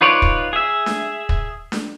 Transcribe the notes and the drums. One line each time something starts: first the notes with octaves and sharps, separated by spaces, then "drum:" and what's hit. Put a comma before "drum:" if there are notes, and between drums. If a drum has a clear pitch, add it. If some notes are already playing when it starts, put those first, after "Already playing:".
D#4 F4 B4 C#5 D5
drum: kick
G#4 E5
drum: snare D4
drum: kick
drum: snare D4